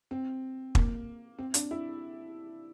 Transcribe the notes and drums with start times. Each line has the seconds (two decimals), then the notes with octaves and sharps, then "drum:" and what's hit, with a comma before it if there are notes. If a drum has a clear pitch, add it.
0.11 C4
0.75 A#3, drum: kick
1.39 C4
1.54 D4, drum: hi-hat
1.71 E4